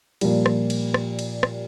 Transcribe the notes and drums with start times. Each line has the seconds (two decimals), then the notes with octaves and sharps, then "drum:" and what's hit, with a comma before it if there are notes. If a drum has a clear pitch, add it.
0.21 A#2 F3 G3, drum: cymbal
0.46 drum: rim click
0.70 drum: cymbal
0.94 drum: rim click
1.19 drum: cymbal
1.43 drum: rim click